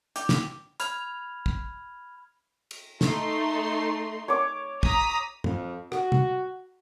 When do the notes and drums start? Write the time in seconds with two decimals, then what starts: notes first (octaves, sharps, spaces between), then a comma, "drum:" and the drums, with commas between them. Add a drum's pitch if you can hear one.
0.16 G4, drum: hi-hat
0.29 drum: snare
0.80 B5 F6 G#6 F7, drum: hi-hat
1.46 drum: kick
2.71 drum: cymbal
3.01 A3 D#4 C6, drum: snare
4.28 C#5 D6
4.83 A#5 D#6 B6, drum: kick
5.44 F2, drum: tom
5.92 F#4, drum: rim click
6.12 drum: tom